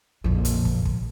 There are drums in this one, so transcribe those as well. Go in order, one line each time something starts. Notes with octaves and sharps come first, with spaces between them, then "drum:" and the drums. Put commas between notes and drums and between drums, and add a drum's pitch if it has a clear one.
A#1 F2
drum: hi-hat
drum: kick
drum: kick